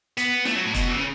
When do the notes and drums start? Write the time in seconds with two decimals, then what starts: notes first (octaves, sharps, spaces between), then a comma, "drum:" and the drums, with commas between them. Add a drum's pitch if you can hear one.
0.18 B3, drum: hi-hat
0.45 A3, drum: snare
0.55 F#3
0.65 A2
0.74 B2, drum: kick, hi-hat
0.88 E3
0.95 C#3